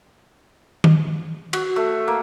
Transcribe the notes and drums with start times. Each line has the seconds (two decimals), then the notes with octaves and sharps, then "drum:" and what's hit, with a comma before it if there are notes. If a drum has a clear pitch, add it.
0.84 drum: tom D#3
1.53 F#4, drum: cymbal
1.76 A3
2.08 A#3